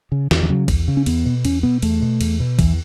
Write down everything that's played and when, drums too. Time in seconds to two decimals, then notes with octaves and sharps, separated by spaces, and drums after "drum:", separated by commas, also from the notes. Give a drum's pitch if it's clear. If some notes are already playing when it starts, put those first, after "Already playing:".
0.12 C#3
0.31 E2 E3, drum: snare
0.43 E3
0.49 C#3 F#3
0.68 E2, drum: kick, cymbal
0.88 C#3
0.97 C#4
1.06 E2 B3, drum: cymbal
1.25 B2
1.45 E2 C#4, drum: cymbal
1.63 B2 B3
1.82 E2 A3, drum: cymbal
2.01 B2
2.21 E2, drum: cymbal
2.40 B2
2.59 E2 E3, drum: kick, cymbal